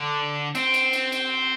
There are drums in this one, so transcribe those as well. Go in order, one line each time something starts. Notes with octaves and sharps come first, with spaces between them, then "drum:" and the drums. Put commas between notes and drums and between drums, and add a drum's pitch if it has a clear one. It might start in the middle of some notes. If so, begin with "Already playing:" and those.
Already playing: D3
C4, drum: cymbal
drum: cymbal
drum: cymbal
drum: cymbal